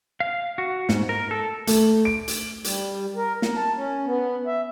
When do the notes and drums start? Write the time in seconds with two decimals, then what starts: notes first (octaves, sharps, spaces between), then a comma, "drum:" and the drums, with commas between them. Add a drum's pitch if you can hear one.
0.20 F5
0.58 F#4
0.89 G#2, drum: snare
1.09 A#4
1.31 A4
1.67 A3, drum: hi-hat
2.05 D7
2.28 drum: hi-hat
2.64 G3, drum: hi-hat
3.16 A#4
3.42 A#4, drum: snare
3.56 A5
3.76 C#4
4.06 B3
4.47 E5